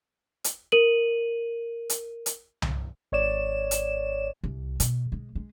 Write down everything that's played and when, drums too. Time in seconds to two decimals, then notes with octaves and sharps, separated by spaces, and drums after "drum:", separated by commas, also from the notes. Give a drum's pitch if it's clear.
0.44 drum: hi-hat
0.72 A#4 D#7 F#7
1.90 drum: hi-hat
2.26 drum: hi-hat
2.62 drum: tom C2
3.12 G#1 C#5 D5 E7
3.71 drum: hi-hat
4.44 C2
4.80 B2, drum: hi-hat
5.12 G#3
5.35 G#3